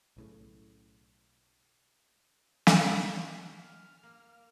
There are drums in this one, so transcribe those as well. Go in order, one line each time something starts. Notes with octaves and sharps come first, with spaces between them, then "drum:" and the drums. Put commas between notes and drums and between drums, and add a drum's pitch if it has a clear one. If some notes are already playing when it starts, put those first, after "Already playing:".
B1 A2 C#3
drum: snare
F6
A#3